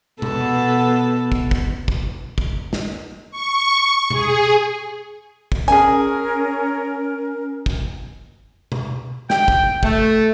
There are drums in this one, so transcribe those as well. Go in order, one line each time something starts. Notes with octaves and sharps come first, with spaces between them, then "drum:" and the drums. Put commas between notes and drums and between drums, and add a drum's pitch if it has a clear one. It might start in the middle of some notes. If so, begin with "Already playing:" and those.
B2 B3 A4, drum: tom B2
drum: kick
drum: kick
drum: kick
drum: kick
drum: snare
C#6
G#4, drum: tom B2
drum: kick
C#4 G#4 A#4 G#5, drum: hi-hat
drum: kick
drum: tom B2
G5, drum: snare
drum: kick
A3, drum: kick